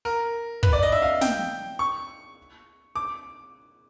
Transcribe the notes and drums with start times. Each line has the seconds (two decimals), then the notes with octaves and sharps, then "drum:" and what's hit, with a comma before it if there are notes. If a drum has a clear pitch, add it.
0.05 A#4
0.63 B4, drum: kick
0.73 D5
0.83 D#5
0.92 E5
1.02 F5
1.21 G5, drum: snare
1.79 C#6
2.96 D6